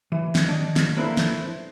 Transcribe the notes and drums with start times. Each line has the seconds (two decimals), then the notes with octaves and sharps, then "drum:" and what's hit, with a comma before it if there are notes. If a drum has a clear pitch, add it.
0.12 E3
0.35 drum: snare
0.45 D#3 D4
0.76 drum: snare
0.97 A#3 D4 E4 A4 B4 C5
1.17 drum: snare